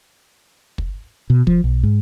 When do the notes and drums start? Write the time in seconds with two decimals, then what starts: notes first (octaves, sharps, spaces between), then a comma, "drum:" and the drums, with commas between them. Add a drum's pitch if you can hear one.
0.78 drum: kick
1.30 B2
1.47 F3, drum: kick
1.64 B1
1.83 G#2